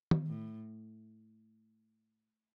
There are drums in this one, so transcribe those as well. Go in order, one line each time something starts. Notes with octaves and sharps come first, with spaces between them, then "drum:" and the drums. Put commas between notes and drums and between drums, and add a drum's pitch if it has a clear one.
drum: tom D#3
A2